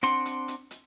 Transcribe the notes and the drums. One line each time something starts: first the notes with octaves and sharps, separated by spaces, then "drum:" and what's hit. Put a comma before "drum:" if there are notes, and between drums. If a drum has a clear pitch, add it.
C4 D4 F#5 C6, drum: hi-hat
drum: hi-hat
drum: hi-hat
drum: hi-hat